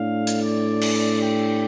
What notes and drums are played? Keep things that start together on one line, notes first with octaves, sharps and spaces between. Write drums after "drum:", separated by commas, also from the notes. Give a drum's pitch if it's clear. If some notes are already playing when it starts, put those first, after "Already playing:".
Already playing: A2 A3 D4 F5
drum: hi-hat
D5
drum: cymbal
G4